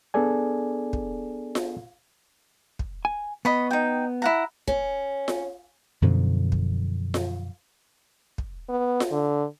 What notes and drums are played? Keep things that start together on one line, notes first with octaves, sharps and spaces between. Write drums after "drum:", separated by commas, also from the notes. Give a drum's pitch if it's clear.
B3 D4 G#4 A4 D5 G#5
drum: kick
drum: snare F4
drum: kick
G#5
B3 D#5 B5 C#6
D#4 G5
E4 F#5 A#5
C#4, drum: kick
drum: snare F4
F#2 B2 D3 F3
drum: kick
drum: snare F4
drum: kick
B3
drum: snare F4
D3